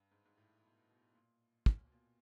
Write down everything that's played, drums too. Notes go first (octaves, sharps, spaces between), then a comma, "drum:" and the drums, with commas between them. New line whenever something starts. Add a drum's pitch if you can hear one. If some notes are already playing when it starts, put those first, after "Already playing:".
Already playing: G2
G#2
G#2
A2
B2
B2
A#2
drum: kick
B2
A#2